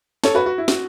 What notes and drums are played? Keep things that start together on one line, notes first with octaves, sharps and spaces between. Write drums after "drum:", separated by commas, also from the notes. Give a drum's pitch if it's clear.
A4 C#5, drum: snare
F#4 B4
F#4
E4
F#4, drum: snare